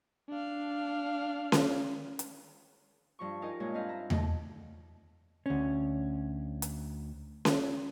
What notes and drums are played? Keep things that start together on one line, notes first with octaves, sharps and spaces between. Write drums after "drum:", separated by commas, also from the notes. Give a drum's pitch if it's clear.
D4 F5
drum: snare C#4
drum: hi-hat
G2 F3 C#6
D#4 F4 G4 G#4 A#4 D#5
G2 A#2 G#3 A#3 G#4 C#5
C4 D4 B4 D#5 F5
E5 A#5
B2 A3 D#4 F4 G#4, drum: tom E2
D2 C#4
drum: hi-hat
drum: snare C#4